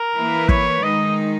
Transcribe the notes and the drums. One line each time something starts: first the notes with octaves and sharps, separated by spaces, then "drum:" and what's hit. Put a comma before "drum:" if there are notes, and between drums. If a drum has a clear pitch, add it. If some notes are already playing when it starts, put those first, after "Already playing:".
Already playing: A#4
E3 A#3 E4 B4
C#5, drum: kick
D#3 G#3 D#4 D#5